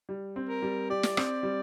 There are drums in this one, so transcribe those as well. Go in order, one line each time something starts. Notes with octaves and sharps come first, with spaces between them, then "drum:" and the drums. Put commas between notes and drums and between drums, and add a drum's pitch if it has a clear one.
G3
C4
A#4
G3
G4 D5
drum: snare
C4, drum: rim click
G3